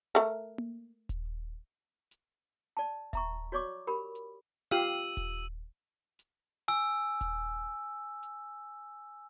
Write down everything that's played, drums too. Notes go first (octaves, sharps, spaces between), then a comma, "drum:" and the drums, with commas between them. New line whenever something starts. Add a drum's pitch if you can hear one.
A3 A#4
drum: tom A#3
drum: kick D#1, hi-hat
drum: hi-hat
D5 A5
E5 A#5 C#6, drum: kick D#1, hi-hat
F#4 C#5 D5 C#6 D6
G4 A#4 B5
drum: hi-hat
F4 G4 F5 E6 D#7 F#7
drum: kick D#1, hi-hat
drum: hi-hat
G#5 E6
drum: kick D#1, hi-hat
drum: hi-hat